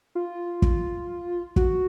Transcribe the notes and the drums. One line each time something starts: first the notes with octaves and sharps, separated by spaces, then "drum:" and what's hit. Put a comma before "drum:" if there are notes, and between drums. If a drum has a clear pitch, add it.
F4
drum: kick
F#4, drum: kick